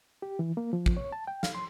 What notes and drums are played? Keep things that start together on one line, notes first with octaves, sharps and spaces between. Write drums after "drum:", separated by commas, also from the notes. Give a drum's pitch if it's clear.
G4
E3
A#3
F3
drum: kick
C#5
A5
G5
F5, drum: snare
C6